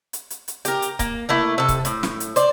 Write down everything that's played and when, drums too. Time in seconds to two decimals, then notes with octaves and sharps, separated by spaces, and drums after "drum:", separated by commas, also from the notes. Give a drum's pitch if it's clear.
0.13 drum: hi-hat
0.30 drum: hi-hat
0.48 drum: hi-hat
0.65 G4 A#4, drum: hi-hat
0.82 drum: hi-hat
0.99 A#3, drum: kick C#1, hi-hat
1.29 A3 A#3 E4
1.58 C3 A4
1.68 drum: kick C#1, hi-hat
1.85 A2, drum: hi-hat
2.03 drum: snare
2.20 drum: hi-hat
2.36 C5 D5, drum: hi-hat